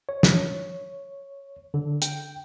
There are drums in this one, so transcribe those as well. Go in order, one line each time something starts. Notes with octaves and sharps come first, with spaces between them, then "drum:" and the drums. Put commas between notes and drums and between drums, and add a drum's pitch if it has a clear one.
C#5
drum: snare
D3
G5, drum: hi-hat